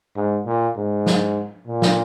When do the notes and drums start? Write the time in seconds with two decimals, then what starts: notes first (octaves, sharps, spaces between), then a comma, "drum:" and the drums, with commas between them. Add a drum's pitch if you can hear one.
0.16 G#2
0.46 A#2
0.77 G#2
1.06 drum: snare
1.67 A#2
1.82 drum: snare